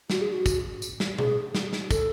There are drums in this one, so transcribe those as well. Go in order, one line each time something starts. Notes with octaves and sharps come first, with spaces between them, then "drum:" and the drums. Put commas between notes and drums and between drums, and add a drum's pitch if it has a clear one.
F#4, drum: snare
G#4
F#4
drum: kick, tambourine
drum: tambourine
drum: snare
G#4, drum: tom B2
drum: snare
drum: snare
A4, drum: kick, tambourine